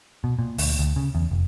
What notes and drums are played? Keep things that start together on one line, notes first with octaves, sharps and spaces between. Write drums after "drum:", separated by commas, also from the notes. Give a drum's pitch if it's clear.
B2
A#2
D2, drum: open hi-hat
D2
C#3
E2
F1